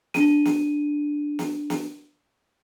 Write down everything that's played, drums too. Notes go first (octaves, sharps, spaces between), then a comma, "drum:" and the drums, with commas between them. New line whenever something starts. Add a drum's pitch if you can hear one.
D4 D#7, drum: snare
drum: snare
drum: snare
drum: snare